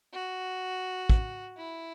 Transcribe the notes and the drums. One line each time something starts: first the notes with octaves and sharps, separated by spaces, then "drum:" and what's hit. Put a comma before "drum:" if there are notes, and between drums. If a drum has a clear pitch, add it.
F#4
drum: kick
E4